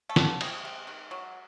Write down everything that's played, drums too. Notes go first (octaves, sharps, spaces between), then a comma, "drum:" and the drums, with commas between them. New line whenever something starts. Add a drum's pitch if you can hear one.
A3 A4
F#3, drum: snare
C3 G#3 G#4, drum: cymbal
C3
D#3
F#3